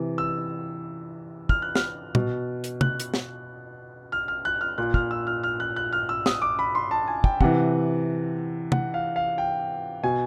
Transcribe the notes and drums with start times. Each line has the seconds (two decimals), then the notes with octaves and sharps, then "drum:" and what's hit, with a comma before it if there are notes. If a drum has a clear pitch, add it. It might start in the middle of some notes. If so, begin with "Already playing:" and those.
Already playing: C3 E3
0.18 E6
1.49 F6, drum: kick
1.62 F#6
1.75 F6, drum: snare
2.15 B2, drum: tom A#2
2.64 drum: hi-hat
2.81 F#6, drum: tom C3
3.00 drum: hi-hat
3.14 drum: snare
4.12 F6
4.28 F6
4.45 F#6
4.61 F6
4.78 A#2 F#6
4.94 F6, drum: kick
5.11 E6
5.27 F6
5.44 F6
5.60 F#6
5.76 F#6
5.93 F6
6.09 E6
6.26 D#6, drum: snare
6.42 D6
6.59 B5
6.75 C6
6.91 A5
7.08 G#5
7.24 G5, drum: kick
7.41 C3 E3 F#5, drum: kick
8.72 F#5, drum: tom C3
8.94 F5
9.16 F5
9.38 G5
10.03 B2 G#5